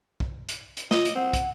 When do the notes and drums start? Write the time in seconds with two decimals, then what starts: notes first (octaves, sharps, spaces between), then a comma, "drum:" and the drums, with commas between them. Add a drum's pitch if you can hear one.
0.20 drum: kick
0.49 drum: hi-hat
0.77 drum: hi-hat
0.91 F4 D#5, drum: snare
1.05 drum: hi-hat
1.15 C4 F#5
1.33 drum: kick, hi-hat